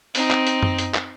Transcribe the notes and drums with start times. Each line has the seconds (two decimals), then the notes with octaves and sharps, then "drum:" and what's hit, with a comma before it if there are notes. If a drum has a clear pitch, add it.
0.15 C4 D#4, drum: open hi-hat
0.31 drum: clap
0.47 drum: hi-hat
0.63 drum: tom F#2
0.78 drum: hi-hat
0.94 drum: clap